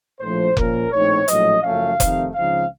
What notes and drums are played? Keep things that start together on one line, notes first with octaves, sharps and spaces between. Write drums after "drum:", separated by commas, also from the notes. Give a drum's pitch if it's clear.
A#1 A2 F3 A3 C5
A#2 F3 A#3 C#4 A#4, drum: kick F1
A#1 A2 A3 C4 D#4 C#5
A#1 A2 F#3 D#5, drum: hi-hat
F#1 F#2 F3 A3 C#4 F5
F2 C3 D#3 A3 D#4, drum: kick F1, hi-hat
C#2 C#3 F3 C4 D#4 F5